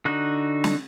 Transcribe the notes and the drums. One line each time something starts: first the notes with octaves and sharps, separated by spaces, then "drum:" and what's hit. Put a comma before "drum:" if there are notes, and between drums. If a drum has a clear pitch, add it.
D3 D#4 F#4 F#6
drum: snare